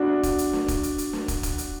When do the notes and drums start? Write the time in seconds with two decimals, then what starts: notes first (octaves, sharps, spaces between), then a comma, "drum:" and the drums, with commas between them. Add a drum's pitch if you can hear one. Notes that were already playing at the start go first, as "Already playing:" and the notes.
Already playing: D4 F#4
0.23 drum: kick, hi-hat
0.38 drum: hi-hat
0.53 drum: snare
0.68 drum: kick, hi-hat
0.83 drum: hi-hat
0.98 drum: hi-hat
1.13 drum: snare
1.28 drum: kick, hi-hat
1.43 drum: kick, hi-hat
1.58 drum: hi-hat